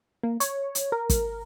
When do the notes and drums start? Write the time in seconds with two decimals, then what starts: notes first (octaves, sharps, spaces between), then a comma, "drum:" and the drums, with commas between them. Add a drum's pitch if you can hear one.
0.23 A#3
0.40 C#5, drum: hi-hat
0.75 drum: hi-hat
0.92 A#4
1.10 drum: kick, hi-hat